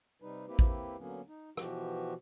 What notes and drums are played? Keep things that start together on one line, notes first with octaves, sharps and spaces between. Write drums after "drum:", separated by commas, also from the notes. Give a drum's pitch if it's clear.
C3 G3 D#4 B4
A#3 C4 E4 G4 B4
drum: kick A1
D3 F#3 A#3 B3 C#4
D#4
B2 E3 F3 F#4 G4, drum: rim click